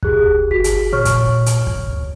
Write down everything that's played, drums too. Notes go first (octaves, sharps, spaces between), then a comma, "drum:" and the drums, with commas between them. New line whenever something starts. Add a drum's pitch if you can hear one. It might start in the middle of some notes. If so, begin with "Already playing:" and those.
D2 G4 G#4 F#6, drum: kick
F1
G1 F#4 G#4 B6
drum: hi-hat
A#2 C#5 C#6 F6
drum: kick, hi-hat
drum: hi-hat
drum: kick
D2